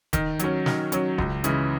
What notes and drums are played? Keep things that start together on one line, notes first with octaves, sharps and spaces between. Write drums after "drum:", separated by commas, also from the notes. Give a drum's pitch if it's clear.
D#3, drum: kick D#1, hi-hat
F#3 C#4, drum: hi-hat
D#3, drum: snare
F#3 C#4, drum: hi-hat
C#2, drum: kick D#1
C#3 E3 G#3, drum: hi-hat